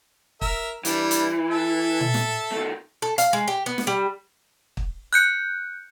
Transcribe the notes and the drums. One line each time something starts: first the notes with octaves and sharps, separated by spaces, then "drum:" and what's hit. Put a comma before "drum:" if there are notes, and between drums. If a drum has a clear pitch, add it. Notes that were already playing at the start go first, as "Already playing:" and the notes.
A#4 E5, drum: kick
E3 G3 D4, drum: hi-hat
drum: hi-hat
A4 E5 A5
drum: tom A#2
drum: snare
D#3 A3
A4
F5, drum: hi-hat
G#3
G4
B3
drum: snare
G3
drum: kick
F#6 G6 C#7